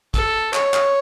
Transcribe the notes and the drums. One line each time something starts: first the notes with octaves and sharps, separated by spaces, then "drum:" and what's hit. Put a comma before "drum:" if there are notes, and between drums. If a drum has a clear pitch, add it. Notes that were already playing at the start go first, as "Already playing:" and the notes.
A4, drum: kick, hi-hat
C#5, drum: clap
drum: clap